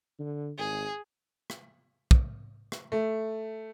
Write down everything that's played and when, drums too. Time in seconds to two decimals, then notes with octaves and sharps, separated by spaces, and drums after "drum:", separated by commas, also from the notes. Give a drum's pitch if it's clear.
0.19 D3
0.58 G#1 G#4
1.50 drum: rim click
2.11 drum: kick
2.72 drum: rim click
2.92 A3